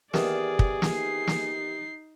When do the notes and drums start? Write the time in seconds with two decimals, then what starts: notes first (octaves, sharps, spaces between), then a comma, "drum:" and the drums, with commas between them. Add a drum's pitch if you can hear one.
0.14 E2 D#3 G4 G#4 D5, drum: snare
0.59 drum: kick
0.82 drum: snare
0.92 D#4 C7
1.27 drum: snare